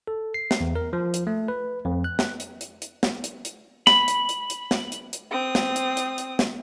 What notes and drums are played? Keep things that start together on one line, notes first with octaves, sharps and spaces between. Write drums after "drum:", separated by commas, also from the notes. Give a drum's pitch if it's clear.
A4
C7
drum: snare
E2
A#4
F3
drum: hi-hat
A3
B4
F2
F#6
drum: snare
drum: hi-hat
drum: hi-hat
drum: hi-hat
drum: snare
drum: hi-hat
drum: hi-hat
B5, drum: snare
drum: hi-hat
drum: hi-hat
drum: hi-hat
drum: snare
drum: hi-hat
drum: hi-hat
C4 D#6
drum: snare
drum: hi-hat
drum: hi-hat
drum: hi-hat
drum: snare